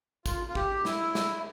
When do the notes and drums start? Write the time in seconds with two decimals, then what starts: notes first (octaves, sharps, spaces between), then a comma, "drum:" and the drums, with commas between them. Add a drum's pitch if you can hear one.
0.26 F4, drum: kick, tambourine
0.48 F4
0.55 G4, drum: kick
0.85 E4, drum: snare
1.15 drum: snare